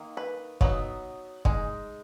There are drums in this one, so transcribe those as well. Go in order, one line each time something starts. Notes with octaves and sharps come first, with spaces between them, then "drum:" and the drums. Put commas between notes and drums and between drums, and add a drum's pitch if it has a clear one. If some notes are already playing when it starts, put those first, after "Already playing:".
Already playing: D#3 A#3
B4
F#3 B3 D#4, drum: kick
G#3 D#4, drum: kick